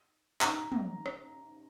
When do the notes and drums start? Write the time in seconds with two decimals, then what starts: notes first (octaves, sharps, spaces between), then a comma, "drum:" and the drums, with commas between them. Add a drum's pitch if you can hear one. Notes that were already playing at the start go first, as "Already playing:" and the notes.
0.41 A#5, drum: clap
0.72 drum: tom
1.06 drum: rim click